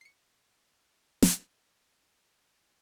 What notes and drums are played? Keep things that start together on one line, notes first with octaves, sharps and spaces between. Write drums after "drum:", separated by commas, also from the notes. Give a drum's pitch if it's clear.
C7 C#7
drum: snare